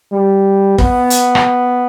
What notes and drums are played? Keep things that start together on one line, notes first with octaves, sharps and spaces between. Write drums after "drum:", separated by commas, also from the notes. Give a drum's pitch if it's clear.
G3
B3, drum: kick
drum: hi-hat
drum: rim click